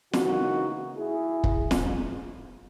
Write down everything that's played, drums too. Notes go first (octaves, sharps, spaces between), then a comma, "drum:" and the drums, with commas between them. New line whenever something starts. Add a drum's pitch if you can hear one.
C#3 E3 A#3 D#4 F#4, drum: snare
E4 G#4
drum: kick
drum: snare